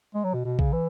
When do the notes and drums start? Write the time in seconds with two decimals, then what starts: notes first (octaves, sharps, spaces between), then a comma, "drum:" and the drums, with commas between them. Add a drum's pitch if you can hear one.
0.14 G#3
0.24 F#3
0.34 B2
0.45 B2
0.59 C#3, drum: kick A#1
0.73 E3